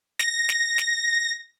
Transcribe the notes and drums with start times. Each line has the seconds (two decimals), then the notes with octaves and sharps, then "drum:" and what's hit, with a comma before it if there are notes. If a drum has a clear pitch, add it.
0.19 A#6, drum: snare
0.49 drum: snare
0.78 drum: snare